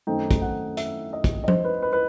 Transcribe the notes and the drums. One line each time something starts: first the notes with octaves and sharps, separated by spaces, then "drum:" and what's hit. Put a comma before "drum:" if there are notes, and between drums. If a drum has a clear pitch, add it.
F#2 D#3 A3 C4 D#4 G5
drum: kick, hi-hat
F#5
E5, drum: hi-hat
D#5
drum: kick, hi-hat
D#5
C5, drum: tom F3
B4
B4
B4